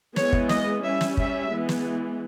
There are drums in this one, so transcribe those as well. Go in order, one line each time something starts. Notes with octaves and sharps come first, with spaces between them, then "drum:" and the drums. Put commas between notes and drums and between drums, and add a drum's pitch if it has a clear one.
E3 G#3 B3 C#5, drum: snare
drum: kick
D#5, drum: snare
G3 C#4 E5
drum: snare
E5, drum: kick
E3 G#3 B3
drum: snare